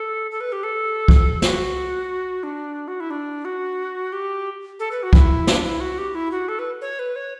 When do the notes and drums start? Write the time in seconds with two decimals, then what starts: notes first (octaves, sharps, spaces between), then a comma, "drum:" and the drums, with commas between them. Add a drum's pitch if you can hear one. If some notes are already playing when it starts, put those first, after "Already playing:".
Already playing: A4
0.31 A4
0.40 B4
0.52 G4
0.63 A4
1.08 drum: kick C2
1.42 F#4, drum: snare
2.43 D4
2.88 F#4
3.00 E4
3.10 D4
3.45 F#4
4.13 G4
4.79 A4
4.91 B4
5.03 F#4
5.13 E4, drum: kick C2
5.47 D4, drum: snare
5.65 E4
5.80 F#4
5.98 G4
6.15 E4
6.31 F#4
6.48 A4
6.59 B4
6.81 C#5
6.99 B4
7.16 C#5